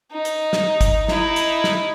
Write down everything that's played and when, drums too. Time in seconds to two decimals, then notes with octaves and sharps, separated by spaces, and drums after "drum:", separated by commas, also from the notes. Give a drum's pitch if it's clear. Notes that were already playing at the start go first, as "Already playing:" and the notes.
0.12 D#4
0.25 drum: hi-hat
0.53 drum: snare
0.81 drum: kick, hi-hat
1.08 D#4 E4, drum: snare
1.36 drum: hi-hat
1.64 drum: snare